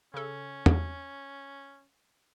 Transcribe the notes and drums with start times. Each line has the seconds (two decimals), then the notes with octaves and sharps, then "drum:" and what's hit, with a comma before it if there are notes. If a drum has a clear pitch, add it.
0.14 C#3 C#4 A4
0.66 drum: tom